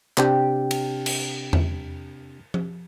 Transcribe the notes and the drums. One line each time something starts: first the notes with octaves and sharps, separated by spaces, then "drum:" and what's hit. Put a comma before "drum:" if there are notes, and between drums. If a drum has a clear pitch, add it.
C3 C4 D4 G4 G5, drum: clap
drum: cymbal
drum: cymbal
drum: tom E2
drum: tom F3